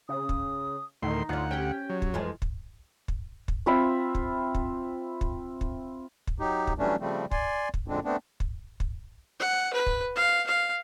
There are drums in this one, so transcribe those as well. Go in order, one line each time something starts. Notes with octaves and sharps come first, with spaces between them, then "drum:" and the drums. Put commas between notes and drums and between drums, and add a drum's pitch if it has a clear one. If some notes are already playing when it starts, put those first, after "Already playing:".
C#3 D#6
drum: kick
D2 A2 D#3 D#4 C6
D2 C#4 F4 D5 F#5
C#4 G4 G5
F#3 C#5
drum: kick
F2 E3 F3 G#3
drum: kick
drum: kick
drum: kick
C4 F4 E5 B5
drum: kick
drum: kick
drum: kick
drum: kick
drum: kick
F#3 D#4 G4
drum: kick
E3 F#3 G3 A3 C#4 D4
C#3 F3 G3 A3 C4
D5 G#5 C6, drum: kick
drum: kick
F#2 A#2 D3 G#3 C4 D4
A3 B3 C4 D4
drum: kick
drum: kick
F#5
B4
drum: kick
F5
F5